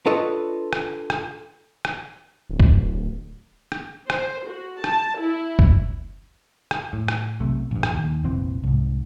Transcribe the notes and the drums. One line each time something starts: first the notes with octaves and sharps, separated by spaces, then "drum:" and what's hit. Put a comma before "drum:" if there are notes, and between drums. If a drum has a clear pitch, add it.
D4 F4 A4 B4 C#5 D#5
drum: rim click
drum: rim click
drum: rim click
D1
drum: kick F#1
drum: rim click
C5, drum: rim click
F#4
A5, drum: rim click
E4
drum: kick F#1
drum: rim click
A2
drum: rim click
B1 C3 A3
A#1 G2
drum: rim click
D#2
F1 A#1 E3 C4
C2 G#2